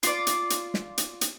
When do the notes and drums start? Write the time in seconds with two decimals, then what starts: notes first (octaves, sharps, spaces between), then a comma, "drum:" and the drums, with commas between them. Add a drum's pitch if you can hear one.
0.03 F4 D5, drum: hi-hat
0.27 drum: hi-hat
0.50 drum: hi-hat
0.74 drum: snare
0.98 drum: hi-hat
1.21 drum: hi-hat